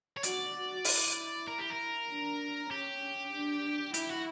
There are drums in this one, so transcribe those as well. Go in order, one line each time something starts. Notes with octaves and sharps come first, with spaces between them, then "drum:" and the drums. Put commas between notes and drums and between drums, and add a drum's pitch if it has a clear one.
C#5
F#4 D5, drum: hi-hat
F#4
E4, drum: open hi-hat
A#4
G4
A#4
D4
C#4 G4
D4
E4 G4, drum: hi-hat
F#4